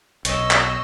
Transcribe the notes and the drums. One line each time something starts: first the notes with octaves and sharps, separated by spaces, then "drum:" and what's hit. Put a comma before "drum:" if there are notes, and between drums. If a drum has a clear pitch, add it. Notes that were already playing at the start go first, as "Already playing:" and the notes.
B1 C#5 D#5 E6, drum: hi-hat
drum: clap